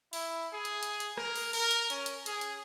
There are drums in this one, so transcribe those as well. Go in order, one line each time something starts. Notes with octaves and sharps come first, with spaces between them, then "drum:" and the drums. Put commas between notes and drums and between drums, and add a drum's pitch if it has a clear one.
E4, drum: open hi-hat
G#4
drum: hi-hat
drum: hi-hat
drum: hi-hat
A#4, drum: rim click
drum: open hi-hat
A#4, drum: open hi-hat
drum: hi-hat
C#4, drum: hi-hat
drum: hi-hat
G#4, drum: hi-hat
drum: hi-hat